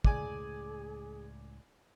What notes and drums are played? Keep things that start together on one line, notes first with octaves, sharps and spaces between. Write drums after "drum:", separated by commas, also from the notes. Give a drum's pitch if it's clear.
C#2 A2 G#4 D5 G#5 D6, drum: kick